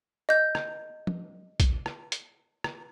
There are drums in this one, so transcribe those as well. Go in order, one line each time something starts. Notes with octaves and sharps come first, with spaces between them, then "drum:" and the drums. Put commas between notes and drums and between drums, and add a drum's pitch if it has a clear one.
D#5 G6
drum: rim click
drum: tom F3
drum: kick A#1, hi-hat
drum: rim click
drum: hi-hat
drum: rim click